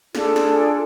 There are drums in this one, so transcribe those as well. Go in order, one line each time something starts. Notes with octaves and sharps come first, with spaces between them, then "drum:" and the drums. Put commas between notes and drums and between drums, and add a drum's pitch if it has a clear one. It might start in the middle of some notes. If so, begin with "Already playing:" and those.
D4 F4 G#4 A4, drum: snare
drum: snare